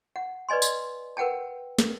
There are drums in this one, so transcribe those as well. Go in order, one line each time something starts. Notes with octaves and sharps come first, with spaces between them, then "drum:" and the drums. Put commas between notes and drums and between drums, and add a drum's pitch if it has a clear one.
F#5
B4 D5 D#5 G#5 C6
C6, drum: tambourine
A#4 B4 F#5 G5 A5
A#4, drum: snare